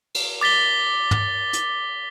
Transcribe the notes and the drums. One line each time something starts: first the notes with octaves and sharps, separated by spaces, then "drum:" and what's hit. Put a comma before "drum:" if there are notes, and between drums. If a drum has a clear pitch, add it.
drum: cymbal
D6 A6 B6 G7
drum: tom
drum: hi-hat